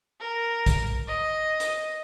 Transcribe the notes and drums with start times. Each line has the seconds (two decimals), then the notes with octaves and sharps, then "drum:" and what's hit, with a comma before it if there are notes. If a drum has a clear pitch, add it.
0.20 A#4
0.66 drum: kick A#1, hi-hat
1.08 D#5
1.60 drum: hi-hat